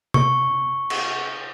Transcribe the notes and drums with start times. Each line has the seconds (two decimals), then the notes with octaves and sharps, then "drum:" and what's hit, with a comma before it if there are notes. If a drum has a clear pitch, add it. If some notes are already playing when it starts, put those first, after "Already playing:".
0.14 C#6, drum: tom C3
0.90 drum: cymbal